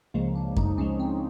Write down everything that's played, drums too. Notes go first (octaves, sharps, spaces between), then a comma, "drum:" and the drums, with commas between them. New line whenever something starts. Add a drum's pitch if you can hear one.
C#2 C#3 F3 G#3 A#3
D4
D#4, drum: kick F#2
C#2 C#3 F3 G#3 C#4
C4